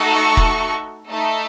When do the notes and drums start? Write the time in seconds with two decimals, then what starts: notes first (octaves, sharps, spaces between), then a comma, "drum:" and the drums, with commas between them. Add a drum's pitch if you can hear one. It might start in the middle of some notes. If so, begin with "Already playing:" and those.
Already playing: A3 D#4 F#4 A4
0.15 C#6
0.37 drum: kick E1
1.10 A3 D#4 A4